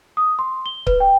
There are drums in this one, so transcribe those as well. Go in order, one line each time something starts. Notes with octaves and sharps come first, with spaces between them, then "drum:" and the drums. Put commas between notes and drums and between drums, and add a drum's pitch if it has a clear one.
D#6
C6
G7
B4, drum: kick C#1
G5